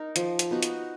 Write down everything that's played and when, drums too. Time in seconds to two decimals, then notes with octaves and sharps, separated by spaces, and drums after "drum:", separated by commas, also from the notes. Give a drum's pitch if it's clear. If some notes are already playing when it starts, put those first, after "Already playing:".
Already playing: D#4 A#4
0.16 F3, drum: hi-hat
0.39 drum: hi-hat
0.51 B3 D#4 F#4
0.63 drum: hi-hat